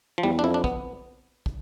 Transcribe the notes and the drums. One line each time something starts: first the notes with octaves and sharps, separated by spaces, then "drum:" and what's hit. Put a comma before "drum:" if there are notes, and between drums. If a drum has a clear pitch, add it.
F3
E2 G3
D4
F2 E4
D4
B3, drum: kick
drum: kick